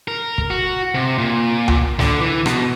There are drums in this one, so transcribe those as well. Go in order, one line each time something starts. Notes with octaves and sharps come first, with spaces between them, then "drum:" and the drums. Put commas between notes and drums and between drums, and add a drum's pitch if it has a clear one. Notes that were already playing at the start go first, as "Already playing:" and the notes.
A#4
drum: kick
F#4
C3
A#2
drum: tom C#2
D3, drum: snare
E3
B2, drum: rim click